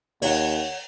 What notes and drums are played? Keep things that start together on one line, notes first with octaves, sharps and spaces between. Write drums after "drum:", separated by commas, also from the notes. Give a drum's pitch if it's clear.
D#2 C#5 F#5, drum: open hi-hat